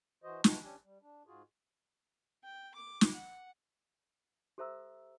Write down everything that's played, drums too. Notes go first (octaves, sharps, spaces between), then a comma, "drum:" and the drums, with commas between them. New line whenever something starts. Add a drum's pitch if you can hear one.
E3 F#4 C5 D#5
E3 G#3 F#4 G5 A5, drum: snare
C#4 D4 G4 G#5
G3
D4
G#2 F4 F#4 G#4
G5
D6
drum: snare
F#5
G4 A4 C5 E5 A#5 E6